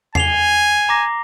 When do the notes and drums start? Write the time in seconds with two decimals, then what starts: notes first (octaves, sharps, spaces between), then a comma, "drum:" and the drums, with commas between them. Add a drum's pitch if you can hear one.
0.15 G#5 C7 F7 G7, drum: tom E2
0.89 A#5 D6 A#6